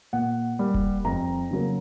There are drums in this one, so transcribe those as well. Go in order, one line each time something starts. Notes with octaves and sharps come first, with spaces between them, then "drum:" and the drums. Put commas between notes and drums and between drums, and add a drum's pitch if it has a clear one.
A#2 F#5
G3 A#3
drum: kick D#1
F2 A#5
C#3 F#3 A#3